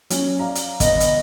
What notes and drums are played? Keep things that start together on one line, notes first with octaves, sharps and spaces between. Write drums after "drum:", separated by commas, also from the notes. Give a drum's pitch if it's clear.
F#3 C#4, drum: hi-hat
D5 F5 A#5
drum: hi-hat
G1 D#5, drum: kick, hi-hat
drum: hi-hat